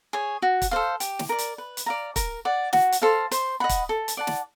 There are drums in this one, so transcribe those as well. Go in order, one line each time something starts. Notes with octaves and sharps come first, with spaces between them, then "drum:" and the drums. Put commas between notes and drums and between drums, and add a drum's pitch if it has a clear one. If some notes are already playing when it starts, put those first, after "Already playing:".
G#4 C#5
F#4
drum: kick, hi-hat
A4 C5 F5
G4, drum: hi-hat
drum: snare
A#4 D5
drum: hi-hat
B4
drum: hi-hat
D5 F5 A#5
A#4, drum: kick, hi-hat
D5 F#5
F#4, drum: snare
drum: hi-hat
A4 C5 F5
C5, drum: hi-hat
D#5 F#5 B5
drum: kick, hi-hat
A4
drum: hi-hat
D5 F#5 A5
drum: snare